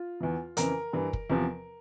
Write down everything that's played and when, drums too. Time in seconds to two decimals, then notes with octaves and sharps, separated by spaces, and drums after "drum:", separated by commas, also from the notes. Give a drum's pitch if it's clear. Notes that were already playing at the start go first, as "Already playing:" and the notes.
Already playing: F4
0.20 E2 E3
0.57 F2 C#3 E3 A#4, drum: hi-hat
0.93 G2 E3
1.13 drum: kick
1.30 E2 C3 F3